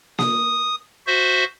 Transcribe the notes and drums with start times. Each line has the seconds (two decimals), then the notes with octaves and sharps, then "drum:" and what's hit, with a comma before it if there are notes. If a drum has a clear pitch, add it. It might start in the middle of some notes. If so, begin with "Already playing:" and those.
0.18 D#6, drum: snare A#3
1.07 F#4 C5 E5